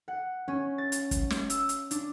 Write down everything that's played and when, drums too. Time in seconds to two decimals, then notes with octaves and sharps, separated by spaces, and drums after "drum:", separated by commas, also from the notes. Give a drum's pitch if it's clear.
0.08 F#5
0.48 C#4
0.78 A6
0.92 drum: hi-hat
1.11 drum: kick, hi-hat
1.30 drum: snare
1.50 E6, drum: hi-hat
1.69 drum: hi-hat
1.91 D4, drum: hi-hat